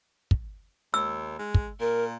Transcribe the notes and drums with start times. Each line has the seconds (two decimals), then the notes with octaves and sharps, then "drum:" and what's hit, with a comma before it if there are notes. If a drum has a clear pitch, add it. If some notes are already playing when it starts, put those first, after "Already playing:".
0.31 drum: kick
0.94 D#2 E6
1.39 G#3
1.54 drum: kick
1.80 A#2 A#4